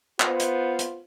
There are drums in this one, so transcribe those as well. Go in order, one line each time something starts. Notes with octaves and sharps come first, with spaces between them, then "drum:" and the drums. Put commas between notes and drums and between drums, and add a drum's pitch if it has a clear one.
B3 F4 C5, drum: clap
drum: hi-hat
drum: hi-hat